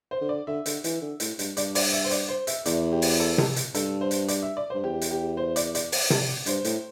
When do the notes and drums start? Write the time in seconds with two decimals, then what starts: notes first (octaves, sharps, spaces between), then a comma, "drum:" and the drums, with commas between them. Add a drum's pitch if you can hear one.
0.11 C5
0.21 D3
0.29 D5
0.47 D3 E5
0.66 D3, drum: hi-hat
0.84 E3, drum: hi-hat
1.02 D3
1.20 A2, drum: hi-hat
1.39 G2, drum: hi-hat
1.57 G2 D5, drum: hi-hat
1.75 D5, drum: open hi-hat
1.93 E5
2.04 C5
2.11 D5, drum: hi-hat
2.29 C5
2.47 E5, drum: hi-hat
2.66 E2 D5, drum: hi-hat
2.92 G4
3.02 drum: open hi-hat
3.20 A4
3.38 drum: tom C3
3.56 drum: hi-hat
3.75 G2 A4, drum: hi-hat
4.01 C5
4.11 drum: hi-hat
4.28 D5, drum: hi-hat
4.42 E5
4.57 D5
4.70 G2 C5
4.84 E2 G4
5.01 drum: hi-hat
5.11 G4
5.37 C5
5.56 D5, drum: hi-hat
5.75 D5, drum: hi-hat
5.92 drum: open hi-hat
6.10 drum: tom C3
6.46 G2 C5, drum: hi-hat
6.65 A2, drum: hi-hat